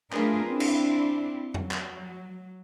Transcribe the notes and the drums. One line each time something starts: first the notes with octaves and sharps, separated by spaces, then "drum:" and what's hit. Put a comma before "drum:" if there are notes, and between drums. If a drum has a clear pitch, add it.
A3 D4 F4 G#4 A#4 B4, drum: clap
C4 D4 E4
drum: cymbal
F#3, drum: tom F2
drum: clap